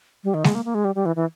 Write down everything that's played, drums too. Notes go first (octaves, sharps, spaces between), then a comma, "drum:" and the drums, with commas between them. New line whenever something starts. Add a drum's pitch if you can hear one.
G3
D#3
G#3, drum: snare G#3
A#3
A#3
G#3
G3
G3
E3
E3